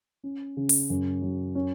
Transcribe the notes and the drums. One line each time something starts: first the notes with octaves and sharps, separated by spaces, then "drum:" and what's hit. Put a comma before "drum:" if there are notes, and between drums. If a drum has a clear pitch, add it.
C#4
C#3
drum: open hi-hat
F#2
F#3
C#4